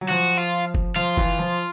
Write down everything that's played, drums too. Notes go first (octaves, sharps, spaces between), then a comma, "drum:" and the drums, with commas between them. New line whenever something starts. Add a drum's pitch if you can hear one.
F#3
F3 F#4
F4
drum: kick F#1
F3 F4
E3, drum: kick F#1
F3